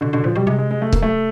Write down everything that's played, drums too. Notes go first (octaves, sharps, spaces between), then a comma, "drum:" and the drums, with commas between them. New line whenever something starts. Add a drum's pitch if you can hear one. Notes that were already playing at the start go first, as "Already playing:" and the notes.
B2 D3
B2 D3
A#2 F3
B2 G3
C3 G#3
G#3
G#3
A3
A#3, drum: kick C#1
A3